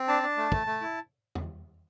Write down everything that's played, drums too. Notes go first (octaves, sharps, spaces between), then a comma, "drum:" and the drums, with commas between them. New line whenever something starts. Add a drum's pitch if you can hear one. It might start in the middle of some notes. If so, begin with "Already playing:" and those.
Already playing: C4
D4 A5
D4
A3
A3, drum: kick
A3
E4
drum: tom E2